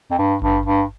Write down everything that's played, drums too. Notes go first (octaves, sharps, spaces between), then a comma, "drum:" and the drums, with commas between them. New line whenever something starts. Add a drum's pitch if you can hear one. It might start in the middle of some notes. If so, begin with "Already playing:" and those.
F2
G2
G2, drum: kick G#1
G2